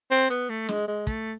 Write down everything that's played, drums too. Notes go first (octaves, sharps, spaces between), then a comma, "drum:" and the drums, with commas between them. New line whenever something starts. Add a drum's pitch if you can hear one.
C4
B3, drum: hi-hat
A3
G#3, drum: snare
G#3
A3, drum: kick, hi-hat